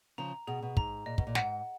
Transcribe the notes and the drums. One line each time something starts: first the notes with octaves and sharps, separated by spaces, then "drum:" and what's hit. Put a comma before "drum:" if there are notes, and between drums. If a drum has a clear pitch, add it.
C#3 F3 A#5
B2 G#4
B2
G#2 A#5, drum: kick
A#2 D#5
B2, drum: kick
A#2
G#2 F#5, drum: snare